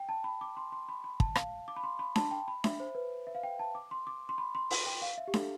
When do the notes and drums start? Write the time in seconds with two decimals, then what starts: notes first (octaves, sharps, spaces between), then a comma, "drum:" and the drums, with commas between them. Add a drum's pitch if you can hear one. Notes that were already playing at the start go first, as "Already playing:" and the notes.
Already playing: G5
0.09 A5
0.24 B5
0.41 D6
0.57 C6
0.72 C6
0.89 B5
1.04 B5
1.20 A5, drum: kick
1.35 F5, drum: rim click
1.68 D6
1.76 B5
1.83 C6
1.99 B5
2.16 A5, drum: snare D4
2.31 G5
2.48 B5
2.64 E5, drum: snare D4
2.80 C5
2.95 B4
3.27 E5
3.35 F5
3.43 G5
3.59 A5
3.75 D6
3.91 C6
4.07 D6
4.29 C6
4.38 B5
4.55 C6
4.71 C6, drum: open hi-hat
4.86 G5
5.02 F5
5.18 E5
5.28 G4
5.34 A4, drum: snare D4